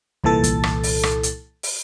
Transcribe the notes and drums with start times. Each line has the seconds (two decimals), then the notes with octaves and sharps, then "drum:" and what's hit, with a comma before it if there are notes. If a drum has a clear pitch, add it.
0.24 C2 A#2 E3 A4 A6, drum: kick
0.44 drum: kick, hi-hat
0.63 drum: rim click
0.83 drum: open hi-hat
1.03 drum: rim click
1.23 drum: hi-hat
1.63 drum: open hi-hat